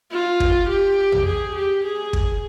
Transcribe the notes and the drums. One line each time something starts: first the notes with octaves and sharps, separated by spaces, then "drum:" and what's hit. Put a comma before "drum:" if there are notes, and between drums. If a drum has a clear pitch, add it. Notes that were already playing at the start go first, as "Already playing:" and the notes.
F4
drum: kick
G4
drum: tom
G#4
G4
G#4
drum: kick